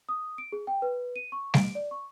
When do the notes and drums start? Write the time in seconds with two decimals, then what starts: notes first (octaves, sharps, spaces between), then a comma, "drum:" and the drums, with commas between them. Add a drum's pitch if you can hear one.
0.09 D#6
0.38 D7
0.52 G#4
0.67 G5
0.82 B4
1.16 D#7
1.32 C#6
1.54 D7, drum: snare G3
1.75 D5
1.91 C#6